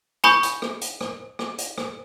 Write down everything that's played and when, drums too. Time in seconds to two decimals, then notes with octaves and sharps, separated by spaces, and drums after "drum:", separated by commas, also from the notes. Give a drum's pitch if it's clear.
0.24 G#5 B5 C#6 D#6 G6, drum: rim click
0.43 drum: hi-hat
0.62 drum: rim click
0.81 drum: hi-hat
1.01 drum: rim click
1.39 drum: rim click
1.58 drum: hi-hat
1.78 drum: rim click